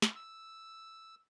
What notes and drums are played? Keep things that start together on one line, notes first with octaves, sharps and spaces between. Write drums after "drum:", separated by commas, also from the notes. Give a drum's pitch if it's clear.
drum: snare
E6